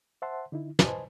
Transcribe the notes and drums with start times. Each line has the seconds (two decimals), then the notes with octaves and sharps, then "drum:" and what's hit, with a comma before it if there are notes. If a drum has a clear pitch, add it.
0.22 C5 E5 F#5 A5 C6
0.52 D3 D#4 E4
0.79 B4 C5 D#5 G#5 A5, drum: snare